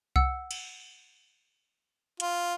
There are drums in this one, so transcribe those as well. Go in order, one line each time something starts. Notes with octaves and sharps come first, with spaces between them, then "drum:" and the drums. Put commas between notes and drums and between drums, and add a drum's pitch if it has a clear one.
F#5 E6 C#7, drum: kick C2
drum: cymbal
F4, drum: hi-hat